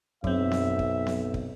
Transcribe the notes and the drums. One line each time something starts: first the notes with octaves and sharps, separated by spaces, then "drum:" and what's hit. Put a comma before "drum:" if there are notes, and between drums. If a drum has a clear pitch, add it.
B1 F#2 C4 E5, drum: kick
drum: snare B3
drum: kick
drum: snare B3
drum: kick